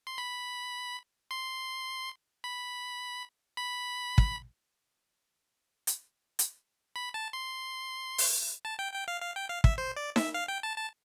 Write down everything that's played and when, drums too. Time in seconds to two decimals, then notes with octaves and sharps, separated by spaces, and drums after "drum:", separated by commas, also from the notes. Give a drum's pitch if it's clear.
0.07 C6
0.18 B5
1.31 C6
2.44 B5
3.57 B5
4.18 drum: kick
5.87 drum: hi-hat
6.39 drum: hi-hat
6.96 B5
7.14 A5
7.33 C6
8.18 drum: open hi-hat
8.65 A5
8.79 G5
8.94 G5
9.08 F5
9.22 F5
9.36 G5
9.49 F5
9.64 E5, drum: kick
9.78 C5
9.96 D5
10.16 E5, drum: snare D#4
10.34 F5
10.48 G5
10.63 A5
10.77 A5